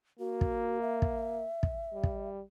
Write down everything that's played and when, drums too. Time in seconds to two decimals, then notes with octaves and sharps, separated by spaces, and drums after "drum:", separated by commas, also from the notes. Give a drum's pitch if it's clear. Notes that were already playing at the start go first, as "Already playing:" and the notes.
0.20 A#3 F#4
0.41 drum: kick
0.82 E5
1.02 drum: kick
1.63 drum: kick
1.93 G3
2.03 drum: kick